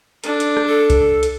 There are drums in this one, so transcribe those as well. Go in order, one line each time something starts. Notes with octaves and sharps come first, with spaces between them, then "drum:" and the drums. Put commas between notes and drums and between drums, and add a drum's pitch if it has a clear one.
D4 A4, drum: hi-hat
drum: hi-hat
drum: rim click
A4
drum: kick C2, hi-hat
drum: hi-hat